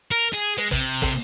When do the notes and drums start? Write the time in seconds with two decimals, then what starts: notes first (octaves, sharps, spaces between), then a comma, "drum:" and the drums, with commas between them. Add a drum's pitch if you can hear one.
0.11 A#4
0.33 G#4
0.58 G#3, drum: hi-hat
0.71 C3, drum: kick, hi-hat
1.02 drum: kick, open hi-hat